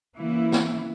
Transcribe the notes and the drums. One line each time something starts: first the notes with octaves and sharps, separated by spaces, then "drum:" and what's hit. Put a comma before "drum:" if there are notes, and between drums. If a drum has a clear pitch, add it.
C#3 E3 A#3 E4
drum: snare